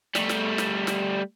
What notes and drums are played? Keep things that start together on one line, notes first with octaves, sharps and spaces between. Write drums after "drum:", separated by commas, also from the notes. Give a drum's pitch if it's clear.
G3 A3, drum: snare
drum: snare
drum: snare
drum: snare